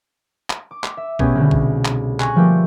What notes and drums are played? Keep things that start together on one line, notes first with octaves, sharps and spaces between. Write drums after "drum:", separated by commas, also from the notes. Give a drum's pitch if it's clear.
drum: clap
D6
drum: clap
E5
B2 A3 B3 C#4 G4 G#4, drum: kick A#1
C2 B2 D3
drum: kick A#1
drum: clap
G#5 C#6 F#6 A#6, drum: clap
F3 G3 A3 A#3 G4 B4